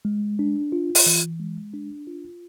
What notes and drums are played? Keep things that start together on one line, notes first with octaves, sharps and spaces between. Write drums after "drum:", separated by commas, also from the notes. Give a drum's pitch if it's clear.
G#3
D4
F4
drum: open hi-hat
E3
G#3
D4
F4